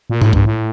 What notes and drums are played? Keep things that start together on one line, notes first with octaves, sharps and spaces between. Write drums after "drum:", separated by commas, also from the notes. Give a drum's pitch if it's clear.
A#2
A2, drum: tom G#2
G2, drum: kick B1
A2